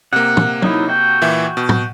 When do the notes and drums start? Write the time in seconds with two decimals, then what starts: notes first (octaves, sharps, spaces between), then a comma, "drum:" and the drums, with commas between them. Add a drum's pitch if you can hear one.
0.13 C3 A#3 F#5
0.37 drum: tom
0.62 F#3 D#4 E4, drum: tom F#3
0.89 F#4 G5
1.21 A#2 E3 E5
1.57 B2
1.69 drum: tom